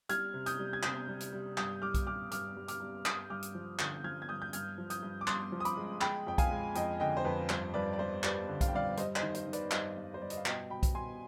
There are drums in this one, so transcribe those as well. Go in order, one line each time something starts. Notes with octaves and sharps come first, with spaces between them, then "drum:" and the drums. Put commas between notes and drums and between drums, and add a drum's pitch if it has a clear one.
G3 F6 G#6, drum: hi-hat
C3
D#6 G6, drum: hi-hat
G3
G#6
C3 D#6 G6, drum: clap
G3
drum: hi-hat
G3
G2 D#6 G6, drum: clap
G3 D6 F6
drum: kick B1, hi-hat
G3 D6 F6
G2 D6 F6, drum: hi-hat
G3
D6 F6, drum: hi-hat
G3
G2 D#6 G6, drum: clap
G2 D6 F6
drum: hi-hat
F3
D3 D#6 G6, drum: clap
F3 F6 G#6
G#6
G2 D#6 G6
G6
G2 F6 G#6, drum: hi-hat
F3
D#6 G6, drum: hi-hat
G2
D6
G2 C6 D#6, drum: clap
F3
D#6
B5 D6, drum: hi-hat
G#3
G#3 G5 B5, drum: clap
F2 G5
F5 G#5, drum: kick B1, hi-hat
G#3
F2 D#5 G5, drum: hi-hat
D3 D#5 G5
C5
F2 B4
G2 C5, drum: clap
G2 B4 D5
D5
G2 C5
G3 B4 D5, drum: clap
D3
F5, drum: kick B1, hi-hat
G5
G2 D5 F5
G3 C5 D#5, drum: hi-hat
C5 D#5, drum: clap
D#3
C5, drum: hi-hat
D#3
B4 D5, drum: hi-hat
G2 C5 D#5, drum: clap
G2
C5
G2 D5
D#5, drum: hi-hat
F5
B2 D#5 G5, drum: clap
B2 G5 B5
drum: kick B1, hi-hat
B2 G#5 C6